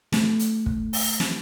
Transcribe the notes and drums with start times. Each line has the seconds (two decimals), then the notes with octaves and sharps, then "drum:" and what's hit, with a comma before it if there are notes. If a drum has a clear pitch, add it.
0.12 A3, drum: snare
0.39 drum: hi-hat
0.66 drum: kick
0.93 drum: open hi-hat
1.20 drum: snare